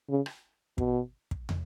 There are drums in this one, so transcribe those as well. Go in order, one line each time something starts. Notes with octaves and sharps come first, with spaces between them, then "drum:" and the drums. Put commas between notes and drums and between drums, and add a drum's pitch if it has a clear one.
C#3
drum: rim click
B2, drum: kick
drum: kick
drum: tom